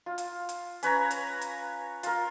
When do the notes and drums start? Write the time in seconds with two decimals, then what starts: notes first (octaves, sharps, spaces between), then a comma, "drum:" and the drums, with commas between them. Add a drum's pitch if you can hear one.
0.06 F4
0.18 drum: hi-hat
0.49 drum: hi-hat
0.83 C#4 B4 C#5 A#5, drum: hi-hat
1.11 drum: hi-hat
1.41 drum: hi-hat
2.03 F4 A#4, drum: hi-hat